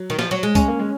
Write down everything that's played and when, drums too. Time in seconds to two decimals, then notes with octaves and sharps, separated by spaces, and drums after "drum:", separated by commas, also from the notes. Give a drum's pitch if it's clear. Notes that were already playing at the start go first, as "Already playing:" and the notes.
Already playing: F#3
0.10 D#3
0.19 F3, drum: snare
0.31 F#3
0.43 G#3
0.55 G#3 C#4, drum: kick C2, tambourine
0.68 A#3
0.79 G#3